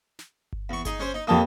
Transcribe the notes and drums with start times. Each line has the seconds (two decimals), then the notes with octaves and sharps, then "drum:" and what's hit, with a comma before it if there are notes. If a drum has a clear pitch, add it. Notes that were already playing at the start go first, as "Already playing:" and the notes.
0.19 drum: snare
0.53 drum: kick G1
0.69 E2 C#6
0.85 D#4 G#4, drum: kick G1, hi-hat
1.00 C#4 G#4 C5
1.14 D#4
1.27 F2 A#3 G4 A5 D#6